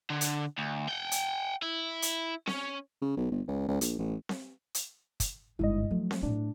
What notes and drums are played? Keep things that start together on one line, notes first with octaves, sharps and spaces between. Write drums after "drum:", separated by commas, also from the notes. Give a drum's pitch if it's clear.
D3
drum: hi-hat
D2
F#5 G5
drum: hi-hat
E4
drum: hi-hat
C#4, drum: snare C4
C#3
B1
G1
C#2
C#2
A#1, drum: hi-hat
A1
drum: snare C4
drum: hi-hat
drum: kick, hi-hat
G1 G#2 E4 D#5
F3 F#3 A3
drum: snare C4
A2 A3 D4